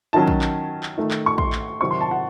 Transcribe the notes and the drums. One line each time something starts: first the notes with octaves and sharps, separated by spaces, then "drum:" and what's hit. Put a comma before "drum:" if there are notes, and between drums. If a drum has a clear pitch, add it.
D#3 F#3 C#4 A5
drum: kick
drum: clap
drum: clap
D#3 A3 D#4
drum: clap
C#6
C6, drum: kick
drum: clap
C3 D#3 F#3 C4 D#4 C#6
C6
A5
F#5